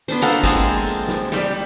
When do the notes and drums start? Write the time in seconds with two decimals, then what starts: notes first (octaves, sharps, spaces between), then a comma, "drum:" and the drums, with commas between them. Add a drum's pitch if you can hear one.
0.08 B3 D4 C5
0.22 A#3 F4 A4 F5 F#5, drum: tambourine
0.43 F3 G#3 C4 G#4, drum: kick G#1, tambourine
0.87 drum: tambourine
1.08 drum: snare
1.32 G3 G4, drum: snare